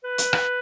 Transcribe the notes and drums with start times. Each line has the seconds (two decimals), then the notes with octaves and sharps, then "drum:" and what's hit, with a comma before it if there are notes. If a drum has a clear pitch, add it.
0.04 B4
0.18 drum: hi-hat
0.33 drum: rim click